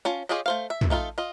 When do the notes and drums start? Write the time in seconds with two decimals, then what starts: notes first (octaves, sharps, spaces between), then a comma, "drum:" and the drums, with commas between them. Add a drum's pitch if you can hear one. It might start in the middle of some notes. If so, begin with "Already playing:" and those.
0.05 C#4 F4 A5
0.29 F4 G4 G#4 C#5 D#5
0.46 A3 C5 F5
0.70 E5
0.81 drum: tom
0.90 A3 D#4 F4 A4
1.18 F4 D#5